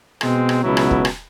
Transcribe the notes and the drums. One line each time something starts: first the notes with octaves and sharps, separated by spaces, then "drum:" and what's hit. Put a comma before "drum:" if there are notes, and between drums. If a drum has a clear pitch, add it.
B2 G#3 C4, drum: rim click
drum: rim click
C#2 B2 F#3 B3 E4
drum: rim click
drum: kick
drum: rim click